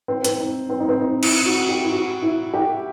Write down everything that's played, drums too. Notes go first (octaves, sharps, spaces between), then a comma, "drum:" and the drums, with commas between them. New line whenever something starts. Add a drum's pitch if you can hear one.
C4
C4, drum: hi-hat
D#4
C4
D#4
C4
D#4
E4, drum: cymbal
F#4
G4
E4
F#4
E4
G4